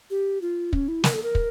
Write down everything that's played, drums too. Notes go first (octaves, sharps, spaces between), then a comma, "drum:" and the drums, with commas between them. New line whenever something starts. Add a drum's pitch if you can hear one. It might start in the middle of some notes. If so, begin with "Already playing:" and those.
G4
F4
C#4, drum: kick
E4
A#4, drum: snare
A4
A#4
drum: kick